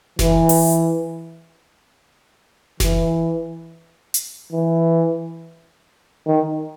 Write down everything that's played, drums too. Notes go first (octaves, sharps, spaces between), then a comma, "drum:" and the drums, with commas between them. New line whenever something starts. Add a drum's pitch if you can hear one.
E3, drum: snare F#1
drum: open hi-hat
E3, drum: snare F#1
drum: hi-hat
E3
D#3